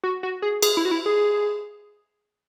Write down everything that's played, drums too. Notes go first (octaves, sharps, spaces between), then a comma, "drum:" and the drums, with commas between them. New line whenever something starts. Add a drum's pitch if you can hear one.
F#4
F#4
G#4
G#4, drum: cymbal
E4
F#4
E4
G#4